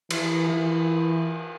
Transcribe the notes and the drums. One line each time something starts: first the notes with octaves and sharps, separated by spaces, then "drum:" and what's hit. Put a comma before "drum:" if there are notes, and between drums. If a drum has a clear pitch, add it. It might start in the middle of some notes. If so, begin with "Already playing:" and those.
E3, drum: cymbal
E3